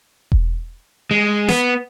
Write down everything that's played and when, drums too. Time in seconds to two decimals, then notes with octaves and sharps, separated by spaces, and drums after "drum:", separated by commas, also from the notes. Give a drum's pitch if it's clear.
0.32 drum: kick E1
1.11 G#3
1.49 B3, drum: snare